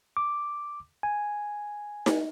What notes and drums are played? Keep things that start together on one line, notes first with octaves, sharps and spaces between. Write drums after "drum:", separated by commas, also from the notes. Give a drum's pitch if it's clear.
D6
G#5
drum: snare D#4